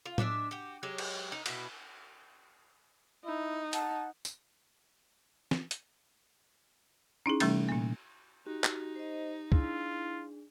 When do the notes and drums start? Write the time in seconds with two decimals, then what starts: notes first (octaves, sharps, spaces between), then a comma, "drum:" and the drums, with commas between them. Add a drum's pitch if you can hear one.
0.06 F4
0.18 G#3 D4 D5 E5, drum: tom A2
0.51 F#4 G4
0.83 F#3 G#3 G4 C#5
0.98 drum: cymbal
1.32 D#4
1.46 B2 E4 F#4, drum: cymbal
3.25 D#4 E4
3.73 F#5 A5, drum: hi-hat
4.25 drum: tambourine
5.51 drum: snare
5.71 drum: hi-hat
7.26 C#4 D#4 E4 G#4
7.40 C3 E3 G3 A3 C#4, drum: cymbal
7.69 A#2 A#3
8.47 D#4 F#4 G4
8.64 drum: clap
8.96 C5 D#5
9.52 D4 E4 F4 G#4, drum: kick